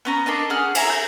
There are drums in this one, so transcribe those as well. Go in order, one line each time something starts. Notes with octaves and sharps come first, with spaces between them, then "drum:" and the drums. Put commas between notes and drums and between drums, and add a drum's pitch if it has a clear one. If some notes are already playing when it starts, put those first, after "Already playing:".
B3 C#4 A#5
D4 A4 A#4 D#5
C#4 G#4 F#5 F6
E4 G#4 E5 A#5, drum: cymbal
G6